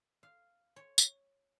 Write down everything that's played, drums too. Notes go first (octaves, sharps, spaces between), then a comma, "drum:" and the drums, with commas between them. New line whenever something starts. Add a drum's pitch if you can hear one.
F5
C#5
drum: tambourine